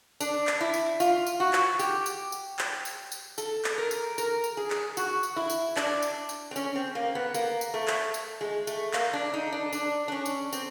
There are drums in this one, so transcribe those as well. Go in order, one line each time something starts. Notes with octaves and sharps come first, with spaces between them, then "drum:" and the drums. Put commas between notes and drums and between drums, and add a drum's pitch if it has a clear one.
D4, drum: tambourine
drum: clap
E4
drum: tambourine
F4, drum: tambourine
drum: tambourine
F#4
drum: clap
G4, drum: tambourine
drum: tambourine
drum: tambourine
drum: clap
drum: tambourine
drum: tambourine
A4, drum: tambourine
drum: clap
A#4
drum: tambourine
A#4, drum: tambourine
drum: tambourine
G#4
drum: clap
F#4, drum: tambourine
drum: tambourine
E4
drum: tambourine
D4, drum: clap
drum: tambourine
drum: tambourine
C4
C#4, drum: tambourine
C4
A#3
B3
A#3, drum: tambourine
drum: tambourine
A3
drum: clap
drum: tambourine
G#3
A3, drum: tambourine
A#3, drum: clap
D4
D#4
D4
D4, drum: tambourine
D4
C#4
drum: tambourine
C4, drum: tambourine